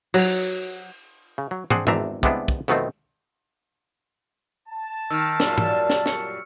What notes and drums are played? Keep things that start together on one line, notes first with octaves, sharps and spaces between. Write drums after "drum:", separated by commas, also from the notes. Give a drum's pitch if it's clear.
F#3, drum: cymbal
C#3
F#3
C4 D4 G#4 C5 F#5, drum: tom
G#1 E2 C4 D4 E5 A#5, drum: tom
C3 G3 G#3 B3 D4 E4, drum: kick
drum: kick
F2 B2 D#3 A3 B3 C4, drum: hi-hat
A5
D#3 E6 F6
F#2 A#2 G3, drum: snare
drum: tom
drum: snare
C#6 C#7, drum: snare